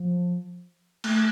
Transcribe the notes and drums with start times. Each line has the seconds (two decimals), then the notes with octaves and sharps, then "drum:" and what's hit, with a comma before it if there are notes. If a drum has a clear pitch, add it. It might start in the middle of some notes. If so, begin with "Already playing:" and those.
Already playing: F3
1.04 A3, drum: cymbal